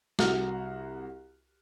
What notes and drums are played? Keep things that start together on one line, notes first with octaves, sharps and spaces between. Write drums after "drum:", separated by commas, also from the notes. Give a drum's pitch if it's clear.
C2 F#4 F6, drum: snare